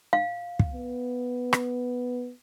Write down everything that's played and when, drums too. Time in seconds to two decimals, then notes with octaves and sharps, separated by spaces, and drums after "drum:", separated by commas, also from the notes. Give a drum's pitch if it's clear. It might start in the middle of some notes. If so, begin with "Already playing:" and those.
0.13 F5
0.59 drum: kick
0.73 B3
1.53 drum: rim click